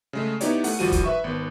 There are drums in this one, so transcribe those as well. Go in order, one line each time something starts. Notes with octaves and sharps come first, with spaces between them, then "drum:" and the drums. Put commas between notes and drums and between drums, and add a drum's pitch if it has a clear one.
C#3 G#3 A3
B3 D#4 E4 G4 C#5 D5, drum: hi-hat
A3 F#5, drum: open hi-hat
G#1 F3 G3 F#4 D#7
drum: kick, hi-hat
B4 E5 C#6
G#1 B3